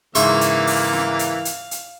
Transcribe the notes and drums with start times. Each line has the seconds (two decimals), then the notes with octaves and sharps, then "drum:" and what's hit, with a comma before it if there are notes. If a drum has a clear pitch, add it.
0.15 G#2 C#3 E3 A#3 E5 F5 C6 C#6, drum: hi-hat
0.41 drum: hi-hat
0.67 drum: open hi-hat
0.93 drum: snare
1.19 drum: hi-hat
1.45 drum: hi-hat
1.71 drum: hi-hat